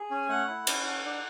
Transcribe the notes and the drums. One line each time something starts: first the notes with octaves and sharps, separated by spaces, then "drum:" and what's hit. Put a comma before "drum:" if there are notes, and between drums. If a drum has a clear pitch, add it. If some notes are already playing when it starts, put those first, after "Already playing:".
Already playing: G#4
C#4 G#5
A3 F#5
E4
C#4, drum: cymbal
A4
D4